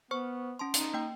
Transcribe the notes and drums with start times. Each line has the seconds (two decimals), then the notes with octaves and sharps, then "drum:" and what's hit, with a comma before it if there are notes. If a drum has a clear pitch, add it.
0.11 B3 C5 C#6
0.59 C#4 A5 C6
0.74 D#4, drum: hi-hat
0.94 A#3 G5